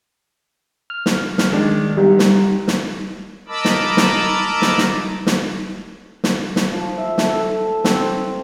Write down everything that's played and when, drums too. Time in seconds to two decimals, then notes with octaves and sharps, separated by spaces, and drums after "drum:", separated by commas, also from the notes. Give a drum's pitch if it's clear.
0.90 F6
1.06 drum: snare
1.38 drum: snare
1.51 D#3 G#3 D4
1.97 B1 G3
2.19 drum: snare
2.68 drum: snare
3.48 A#4 D#5 A5 B5 D6 E6
3.65 drum: snare
3.97 drum: snare
4.62 drum: snare
4.78 drum: snare
5.27 drum: snare
6.24 drum: snare
6.56 drum: snare
6.72 F3
6.98 E5
7.18 A4, drum: snare
7.42 A5
7.84 C4, drum: snare